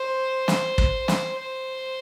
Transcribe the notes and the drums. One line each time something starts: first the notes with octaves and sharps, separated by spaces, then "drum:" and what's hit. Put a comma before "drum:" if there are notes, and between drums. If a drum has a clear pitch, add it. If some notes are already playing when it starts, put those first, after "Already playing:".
Already playing: C5
drum: snare
drum: kick
drum: snare
C5